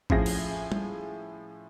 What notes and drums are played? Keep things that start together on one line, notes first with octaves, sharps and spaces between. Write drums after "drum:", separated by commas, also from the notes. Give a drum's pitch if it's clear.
A2 F3 C#4 G#4 A#6, drum: kick G#1
drum: cymbal
drum: tom G3